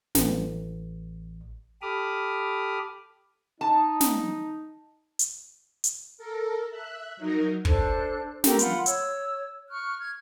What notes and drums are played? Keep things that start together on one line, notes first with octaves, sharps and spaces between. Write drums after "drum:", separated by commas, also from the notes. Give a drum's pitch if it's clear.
A1, drum: snare
G4 A4 B5 D6 D#6 F6
D#4 A5
drum: snare
drum: hi-hat
drum: hi-hat
A4 A#4
E5 F#6
F#3 D#4 A#4
D4 A4 C5 F#6, drum: kick
G4 A4 A#4, drum: snare
F4 F#5 B5 C6, drum: hi-hat
C#5 E6, drum: hi-hat
C#6 F6 F#6
F6 G#6